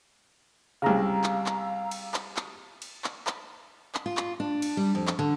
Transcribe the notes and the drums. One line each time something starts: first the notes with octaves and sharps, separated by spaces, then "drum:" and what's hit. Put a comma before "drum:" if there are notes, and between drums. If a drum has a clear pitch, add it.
C2 C#3 F5 A#5 E6
drum: clap
drum: clap
drum: cymbal
drum: clap
drum: clap
drum: cymbal
drum: clap
drum: clap
drum: clap
F4
drum: clap
D4
drum: cymbal
G3
F2
drum: clap
D3